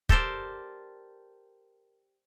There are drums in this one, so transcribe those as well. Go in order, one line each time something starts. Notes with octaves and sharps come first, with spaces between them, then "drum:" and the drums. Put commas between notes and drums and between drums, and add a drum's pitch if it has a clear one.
G4 A4 A#4 C5 D5, drum: kick